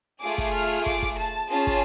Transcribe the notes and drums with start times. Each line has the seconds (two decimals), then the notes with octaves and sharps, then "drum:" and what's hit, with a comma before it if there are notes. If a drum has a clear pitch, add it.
0.22 A3 F4 G#4 D6
0.38 drum: kick
0.54 F6
0.86 D6, drum: kick
1.03 drum: kick
1.18 A5
1.51 C#4 F4 G#4 A5
1.67 drum: kick